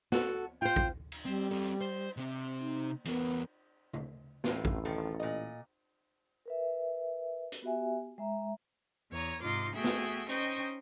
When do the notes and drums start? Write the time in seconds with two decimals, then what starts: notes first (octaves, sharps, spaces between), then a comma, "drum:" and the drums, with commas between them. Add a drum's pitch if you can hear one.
0.12 F#4 A4, drum: snare
0.62 F4 C5 G5
0.76 drum: kick
1.12 drum: cymbal
1.25 G3 C4
1.51 C4 A4
1.81 C5
2.17 C3 C4
2.59 D#4
3.05 E2 B3 A#4, drum: hi-hat
3.93 drum: tom C#3
4.44 A1 A2 F4, drum: snare
4.65 drum: kick
4.85 D#3 F3 A4
5.20 A#2 D#5
6.46 A#4 B4 E5
7.52 drum: hi-hat
7.62 B3 F#4 G4 E5 G#5
8.18 G#3 E5 A#5
9.11 E2 C#5 A#5 D#6
9.42 G#2 C3 D#4 F4 C6 D6
9.74 A3 B3 F#4 G#4 E5 G5
9.84 drum: snare
10.29 C#4 D#4 C5 D#5 G5 C#6, drum: hi-hat